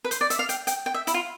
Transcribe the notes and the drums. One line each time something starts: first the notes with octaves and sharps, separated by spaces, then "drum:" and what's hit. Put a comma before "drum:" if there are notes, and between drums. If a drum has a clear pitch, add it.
B4
C5, drum: hi-hat
D5
E5, drum: hi-hat
F5
G5, drum: hi-hat
G5, drum: hi-hat
G5
E5
E4, drum: hi-hat
F4